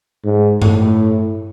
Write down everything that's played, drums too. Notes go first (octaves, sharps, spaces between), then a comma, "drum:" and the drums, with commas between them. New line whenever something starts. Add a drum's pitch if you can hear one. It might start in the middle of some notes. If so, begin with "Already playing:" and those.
G#2
A2, drum: tom G2